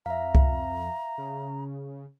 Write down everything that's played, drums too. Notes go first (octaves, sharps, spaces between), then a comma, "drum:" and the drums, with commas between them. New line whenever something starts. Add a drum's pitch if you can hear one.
F2 E5 F5 A#5
drum: kick C2
C#3